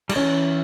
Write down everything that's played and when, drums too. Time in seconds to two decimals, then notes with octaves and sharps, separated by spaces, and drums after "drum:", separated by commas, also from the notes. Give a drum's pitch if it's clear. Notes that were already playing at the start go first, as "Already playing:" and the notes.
0.09 G3, drum: cymbal
0.16 E3 C#4